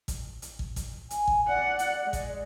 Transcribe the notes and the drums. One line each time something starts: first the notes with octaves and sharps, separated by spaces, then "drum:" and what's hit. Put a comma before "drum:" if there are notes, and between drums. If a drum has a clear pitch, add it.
drum: kick, hi-hat
drum: hi-hat
drum: kick
drum: kick, hi-hat
G#5, drum: hi-hat
drum: kick
D5 F#5
drum: hi-hat
G#3
drum: kick, hi-hat